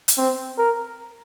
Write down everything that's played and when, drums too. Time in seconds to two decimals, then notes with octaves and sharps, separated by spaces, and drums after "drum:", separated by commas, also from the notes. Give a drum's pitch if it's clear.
0.08 drum: hi-hat
0.18 C4
0.58 A#4